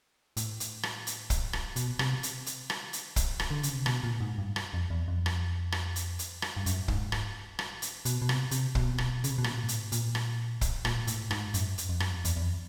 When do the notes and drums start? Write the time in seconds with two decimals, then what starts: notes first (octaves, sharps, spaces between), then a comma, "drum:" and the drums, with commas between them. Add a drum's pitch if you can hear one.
0.37 A2, drum: hi-hat
0.60 drum: hi-hat
0.83 drum: rim click
1.07 drum: hi-hat
1.30 drum: kick, hi-hat
1.53 drum: rim click
1.76 B2, drum: hi-hat
1.99 C3, drum: rim click
2.23 drum: hi-hat
2.46 drum: hi-hat
2.70 drum: rim click
2.93 drum: hi-hat
3.16 drum: kick, hi-hat
3.40 drum: rim click
3.51 D3
3.63 C#3, drum: hi-hat
3.74 C3
3.86 B2, drum: rim click
4.03 A#2
4.20 G#2
4.38 G2
4.56 drum: rim click
4.73 F2
4.90 E2
5.08 F2
5.26 drum: rim click
5.72 drum: rim click
5.96 drum: hi-hat
6.19 drum: hi-hat
6.42 drum: rim click
6.57 G2
6.66 F#2, drum: hi-hat
6.88 G#2, drum: kick
7.12 drum: rim click
7.59 drum: rim click
7.82 drum: hi-hat
8.05 B2, drum: hi-hat
8.22 B2
8.29 C3, drum: rim click
8.51 C3, drum: hi-hat
8.75 B2, drum: kick
8.98 drum: rim click
9.24 C#3, drum: hi-hat
9.30 C3
9.38 B2
9.44 A#2, drum: rim click
9.63 G#2
9.68 A2, drum: hi-hat
9.92 A#2, drum: hi-hat
10.15 drum: rim click
10.61 drum: kick, hi-hat
10.85 A#2, drum: rim click
11.07 A2, drum: hi-hat
11.31 G#2, drum: rim click
11.54 F#2, drum: hi-hat
11.78 drum: hi-hat
11.89 F2
12.00 F#2, drum: rim click
12.13 F2
12.25 E2, drum: hi-hat
12.36 E2
12.42 F2